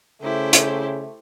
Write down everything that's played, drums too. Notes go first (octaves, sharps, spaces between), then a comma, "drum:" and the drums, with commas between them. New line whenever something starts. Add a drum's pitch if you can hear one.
C#3 A3 E4 G4 C5
drum: hi-hat